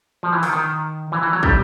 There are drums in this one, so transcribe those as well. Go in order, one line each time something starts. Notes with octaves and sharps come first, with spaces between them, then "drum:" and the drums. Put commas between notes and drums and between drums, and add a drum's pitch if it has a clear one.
F3
E3
D#3, drum: open hi-hat
D#3
E3
E3
F#3
G3, drum: kick